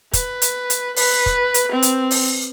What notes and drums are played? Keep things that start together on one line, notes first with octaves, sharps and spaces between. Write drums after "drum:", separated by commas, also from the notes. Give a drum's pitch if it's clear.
B4, drum: kick, hi-hat
drum: hi-hat
drum: hi-hat
B4, drum: open hi-hat
drum: kick
drum: hi-hat
C4
drum: hi-hat
drum: open hi-hat